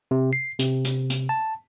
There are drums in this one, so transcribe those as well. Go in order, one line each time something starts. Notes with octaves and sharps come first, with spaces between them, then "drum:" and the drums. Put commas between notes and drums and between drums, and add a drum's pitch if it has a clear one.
C3
C7
C3, drum: hi-hat
drum: hi-hat
drum: hi-hat
A5